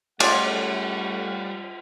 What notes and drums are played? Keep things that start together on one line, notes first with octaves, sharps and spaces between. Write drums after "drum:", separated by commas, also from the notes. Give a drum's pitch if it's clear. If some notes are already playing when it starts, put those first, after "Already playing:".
G3 A3 C#4 F4 G#4 D5 F#5, drum: cymbal